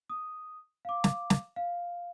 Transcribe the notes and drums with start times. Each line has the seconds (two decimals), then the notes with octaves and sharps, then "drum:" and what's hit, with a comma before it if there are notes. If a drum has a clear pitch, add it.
0.10 D#6
0.85 F5 D6
1.04 drum: snare
1.30 drum: snare
1.56 F5